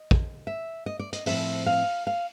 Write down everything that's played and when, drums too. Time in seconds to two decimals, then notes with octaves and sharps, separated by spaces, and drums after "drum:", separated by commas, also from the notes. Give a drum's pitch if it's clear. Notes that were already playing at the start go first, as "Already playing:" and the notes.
Already playing: D#5
0.11 drum: kick
0.47 E5
0.86 D#5
0.99 D5
1.13 D#5, drum: hi-hat
1.26 A2 F3 G#3 C4 E5, drum: open hi-hat
1.66 F5
2.07 F5